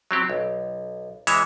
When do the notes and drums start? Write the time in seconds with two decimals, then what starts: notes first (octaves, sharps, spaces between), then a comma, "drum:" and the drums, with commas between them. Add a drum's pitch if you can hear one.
0.11 F#3 C4 G4
0.30 B1
1.27 E3 G#3 C#5 E5, drum: open hi-hat